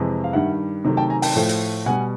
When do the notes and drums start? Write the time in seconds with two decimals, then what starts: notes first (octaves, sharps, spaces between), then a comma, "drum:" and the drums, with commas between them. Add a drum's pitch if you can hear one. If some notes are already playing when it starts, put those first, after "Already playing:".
Already playing: F2 C3 E3 G#3
0.24 F5
0.33 G2 D#3 G3 E5 F#5
0.84 C3 D#3 F#3 A3
0.97 G5 A5
1.10 G#5 A#5
1.22 G5 A5, drum: open hi-hat
1.36 A2 F3 A3
1.49 drum: hi-hat
1.86 B2 G3 F#5 G#5